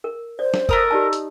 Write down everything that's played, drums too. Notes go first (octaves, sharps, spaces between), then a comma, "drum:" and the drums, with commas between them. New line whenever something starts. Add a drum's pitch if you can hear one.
A#4
C5 D5
drum: snare
A3 A#4 A#5 D#6, drum: kick
D#4 G4 D5 A5
drum: hi-hat